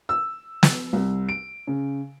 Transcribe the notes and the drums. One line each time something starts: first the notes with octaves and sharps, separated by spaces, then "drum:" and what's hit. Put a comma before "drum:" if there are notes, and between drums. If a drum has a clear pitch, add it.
E6
drum: snare
C2
D7
C#3